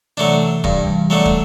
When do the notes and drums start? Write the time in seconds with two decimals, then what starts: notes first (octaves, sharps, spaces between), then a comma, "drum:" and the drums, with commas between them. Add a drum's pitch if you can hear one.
0.17 C3 E3 F#3 A3 D4
0.64 G2 G3, drum: kick
0.87 E3 G3
1.10 F#3 A3 D4
1.26 drum: kick